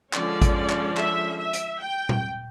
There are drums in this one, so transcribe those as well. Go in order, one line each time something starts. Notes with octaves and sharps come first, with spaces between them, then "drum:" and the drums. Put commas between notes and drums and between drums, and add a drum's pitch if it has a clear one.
D3 F3 G#3 C#4 D5, drum: clap
drum: kick G#1, hi-hat
drum: clap
E5, drum: clap
E5
drum: hi-hat
G5
drum: tom A#2